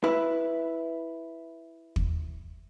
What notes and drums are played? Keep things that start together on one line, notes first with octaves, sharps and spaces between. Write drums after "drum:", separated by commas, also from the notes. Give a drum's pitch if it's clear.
E4 B4
drum: kick